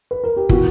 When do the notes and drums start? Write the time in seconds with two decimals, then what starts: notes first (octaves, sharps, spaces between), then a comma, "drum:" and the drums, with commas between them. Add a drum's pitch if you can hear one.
0.11 B4
0.24 A#4
0.36 G4
0.49 E3 B3 E4 F#4, drum: kick